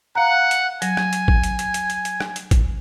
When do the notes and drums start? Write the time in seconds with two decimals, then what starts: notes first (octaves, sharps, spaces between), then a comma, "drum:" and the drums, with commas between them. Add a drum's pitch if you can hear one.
0.15 F5 F#5 A#5
0.51 drum: hi-hat
0.82 F#3 G#5, drum: hi-hat
0.97 drum: rim click
1.13 drum: hi-hat
1.28 drum: kick
1.43 drum: hi-hat
1.59 drum: hi-hat
1.74 drum: hi-hat
1.90 drum: hi-hat
2.05 drum: hi-hat
2.20 drum: rim click
2.36 drum: hi-hat
2.51 drum: kick, hi-hat